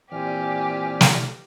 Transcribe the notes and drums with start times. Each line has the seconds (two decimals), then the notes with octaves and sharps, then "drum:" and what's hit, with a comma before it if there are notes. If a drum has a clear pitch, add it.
0.12 A#2 E3 C4 G4 D5 G#5 F6
1.01 drum: snare